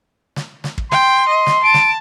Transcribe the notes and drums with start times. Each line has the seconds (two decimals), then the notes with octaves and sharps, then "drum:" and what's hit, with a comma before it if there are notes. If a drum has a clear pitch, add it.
0.36 drum: snare
0.64 drum: snare
0.78 drum: kick
0.91 G5 C6, drum: snare
1.29 D#5
1.46 drum: snare
1.64 A5 D7
1.74 drum: snare